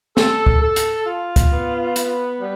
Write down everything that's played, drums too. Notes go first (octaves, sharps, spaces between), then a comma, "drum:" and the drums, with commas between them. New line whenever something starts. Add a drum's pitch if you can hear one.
A4, drum: snare
drum: kick
A4
drum: hi-hat
F4
drum: kick, hi-hat
B3
B4, drum: hi-hat
G3